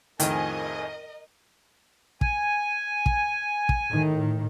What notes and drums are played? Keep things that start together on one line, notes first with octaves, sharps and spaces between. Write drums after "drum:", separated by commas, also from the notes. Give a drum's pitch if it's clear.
F2 A2 D#3 F3 G#4 A#4 D#5 G#5, drum: hi-hat
G#5, drum: kick
drum: kick
drum: kick
A2 D#3